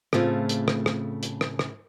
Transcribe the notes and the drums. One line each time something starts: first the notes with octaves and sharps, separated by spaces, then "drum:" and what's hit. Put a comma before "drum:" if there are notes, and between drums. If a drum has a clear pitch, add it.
A2 C#3 A3 C4 F4 G#4, drum: rim click
drum: hi-hat
drum: rim click
drum: rim click
drum: hi-hat
drum: rim click
drum: rim click